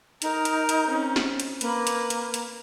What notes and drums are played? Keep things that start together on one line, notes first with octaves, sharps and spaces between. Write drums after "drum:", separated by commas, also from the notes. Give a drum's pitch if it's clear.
D#4 A#4, drum: hi-hat
drum: hi-hat
drum: hi-hat
C4 C#4
drum: snare
drum: hi-hat
A#3 B4 B5, drum: hi-hat
drum: hi-hat
drum: hi-hat
drum: hi-hat